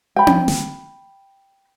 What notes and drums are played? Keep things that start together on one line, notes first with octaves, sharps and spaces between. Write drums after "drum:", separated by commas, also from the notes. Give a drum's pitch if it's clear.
G5 B5
drum: tom C4
drum: snare